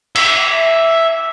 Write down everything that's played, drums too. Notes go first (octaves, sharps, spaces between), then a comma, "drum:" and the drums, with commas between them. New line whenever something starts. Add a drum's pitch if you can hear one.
E5, drum: cymbal